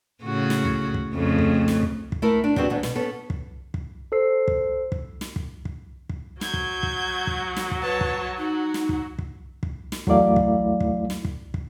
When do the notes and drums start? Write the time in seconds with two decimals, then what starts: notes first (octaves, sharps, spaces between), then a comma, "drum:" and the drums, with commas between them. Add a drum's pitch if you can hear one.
0.22 A2 C#3 F#4
0.50 drum: snare
0.65 drum: kick
0.94 drum: kick
1.13 F2 C#3 A3
1.38 drum: kick
1.68 drum: snare
1.83 drum: kick
2.12 drum: kick
2.22 A3 E4 A#4
2.44 D4
2.56 G3 B3 C4 F#4 G#4, drum: kick
2.70 E2 G#2 D3 B3
2.83 B2, drum: snare
2.95 B3 C#4 A4
3.30 drum: kick
3.74 drum: kick
4.12 A4 C5 E6 C7
4.48 drum: kick
4.92 drum: kick
5.21 drum: snare
5.36 drum: kick
5.65 drum: kick
6.09 drum: kick
6.41 F#3 G6 G#6, drum: snare
6.54 drum: kick
6.83 drum: kick
7.27 drum: kick
7.57 drum: snare
7.71 drum: kick
7.82 B4 C#5 A5
8.01 drum: kick
8.38 D#4 F#4
8.74 drum: snare
8.89 drum: kick
9.19 drum: kick
9.63 drum: kick
9.92 drum: snare
10.07 E2 F#3 A3 E4 D5 F5, drum: kick
10.36 drum: kick
10.80 drum: kick
11.10 drum: snare
11.25 drum: kick
11.54 drum: kick